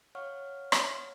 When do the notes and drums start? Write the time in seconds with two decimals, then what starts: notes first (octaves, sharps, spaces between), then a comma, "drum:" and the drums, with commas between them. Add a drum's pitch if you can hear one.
0.15 C#5 F5 F#5 C#6 F6
0.72 drum: rim click